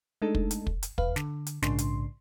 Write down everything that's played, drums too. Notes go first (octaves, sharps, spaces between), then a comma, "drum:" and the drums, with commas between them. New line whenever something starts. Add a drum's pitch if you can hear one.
G#3 A3 D4 D#4 A4
drum: kick
drum: hi-hat
drum: kick
drum: hi-hat
E2 B4 F5, drum: kick
D3, drum: snare
drum: hi-hat
A#1 G#2 C#3 D4 C6, drum: snare
drum: hi-hat